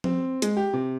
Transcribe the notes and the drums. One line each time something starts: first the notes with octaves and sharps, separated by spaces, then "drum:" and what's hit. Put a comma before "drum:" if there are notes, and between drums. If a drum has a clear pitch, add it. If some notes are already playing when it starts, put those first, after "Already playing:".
C4, drum: tom F3
G#3, drum: hi-hat
G4
C3